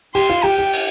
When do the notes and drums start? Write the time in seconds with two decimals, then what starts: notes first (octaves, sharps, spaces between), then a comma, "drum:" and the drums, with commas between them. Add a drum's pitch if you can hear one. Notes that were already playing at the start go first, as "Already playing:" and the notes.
0.15 G4 C6, drum: cymbal
0.30 F4
0.43 G4 G5
0.58 G4
0.73 drum: cymbal